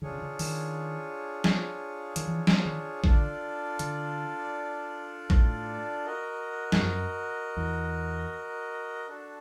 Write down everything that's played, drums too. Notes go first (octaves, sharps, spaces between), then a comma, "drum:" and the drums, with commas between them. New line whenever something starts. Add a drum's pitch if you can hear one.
D3 D4 F4 G#4 C#5
C#3
D3
D#3, drum: open hi-hat
drum: snare
D#3, drum: hi-hat
E3
drum: snare
D#3
D3 D4 F4 A4 D5, drum: kick A1
D3, drum: hi-hat
A2, drum: kick A1
F#4 A#4 D#5
G2, drum: snare
F#2
E2
D4 F#4 A4